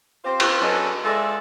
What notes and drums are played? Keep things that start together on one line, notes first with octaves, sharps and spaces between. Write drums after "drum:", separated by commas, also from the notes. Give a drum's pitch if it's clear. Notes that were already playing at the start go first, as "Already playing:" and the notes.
C4 F4 G4 C5
drum: cymbal
F#3 C#4 D4 A4 B4 D#5
G#3 F4 A4 C5 D5 E5